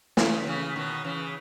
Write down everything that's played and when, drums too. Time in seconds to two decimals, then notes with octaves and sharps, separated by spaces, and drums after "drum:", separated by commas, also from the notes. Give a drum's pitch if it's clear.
0.17 C#3 E3, drum: snare
0.41 D#3
0.46 C#3 E3
0.76 B2 D#3
1.04 C#3 E3